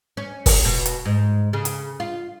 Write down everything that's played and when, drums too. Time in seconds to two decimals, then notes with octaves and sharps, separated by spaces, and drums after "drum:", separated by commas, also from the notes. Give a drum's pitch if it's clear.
0.17 C#4
0.46 drum: kick, open hi-hat
0.65 B2
0.86 drum: hi-hat
1.05 G#2
1.53 C#3
1.65 drum: hi-hat
2.00 F4